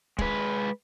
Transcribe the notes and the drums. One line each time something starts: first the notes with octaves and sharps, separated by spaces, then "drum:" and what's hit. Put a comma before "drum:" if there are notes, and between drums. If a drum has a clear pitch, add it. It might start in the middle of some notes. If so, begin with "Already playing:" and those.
G#3 B4, drum: kick